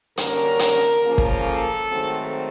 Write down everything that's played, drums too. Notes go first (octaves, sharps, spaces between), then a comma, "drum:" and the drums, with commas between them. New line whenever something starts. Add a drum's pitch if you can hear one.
F#2 D3 G3 A#3 C#4 A#4, drum: hi-hat
drum: hi-hat
C#3 F3 A#3 C#4
drum: kick
A4
G#2 D#3 F#3 A3 C4